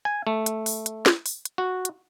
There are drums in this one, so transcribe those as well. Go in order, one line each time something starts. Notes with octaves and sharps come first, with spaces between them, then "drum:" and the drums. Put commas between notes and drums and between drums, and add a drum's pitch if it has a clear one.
G#5
A3
drum: hi-hat
drum: open hi-hat
drum: hi-hat
drum: snare
drum: open hi-hat
drum: hi-hat
F#4
drum: hi-hat